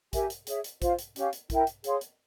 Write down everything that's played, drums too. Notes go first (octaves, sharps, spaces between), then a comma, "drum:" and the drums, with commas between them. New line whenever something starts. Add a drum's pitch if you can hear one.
G4 A#4 E5 G#5, drum: kick, hi-hat
drum: hi-hat
G#4 C#5 E5, drum: hi-hat
drum: hi-hat
F4 C5 F5, drum: kick, hi-hat
drum: hi-hat
C#4 G4 C#5 F5, drum: hi-hat
drum: hi-hat
E4 A#4 E5 G5, drum: kick, hi-hat
drum: hi-hat
G#4 C#5 F5 C6, drum: hi-hat
drum: hi-hat